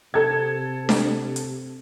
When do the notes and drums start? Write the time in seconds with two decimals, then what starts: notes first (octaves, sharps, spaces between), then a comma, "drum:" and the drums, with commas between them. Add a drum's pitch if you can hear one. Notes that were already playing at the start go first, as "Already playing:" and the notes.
0.14 C3 A4 G#6
0.89 drum: snare D4
1.36 drum: hi-hat